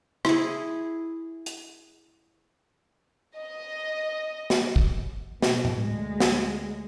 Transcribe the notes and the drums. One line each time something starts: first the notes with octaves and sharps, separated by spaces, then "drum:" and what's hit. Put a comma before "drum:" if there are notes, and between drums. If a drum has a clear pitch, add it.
E4 G#4, drum: rim click
drum: hi-hat
D#5
drum: snare
drum: kick
B2, drum: snare
drum: tom A2
D2 G#3
drum: snare